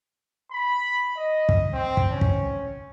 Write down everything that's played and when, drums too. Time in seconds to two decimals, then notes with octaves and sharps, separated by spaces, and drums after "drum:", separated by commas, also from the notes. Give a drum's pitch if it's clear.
0.52 B5
1.17 D#5
1.49 drum: kick
1.73 C4
1.97 drum: kick
2.11 C#4
2.21 drum: kick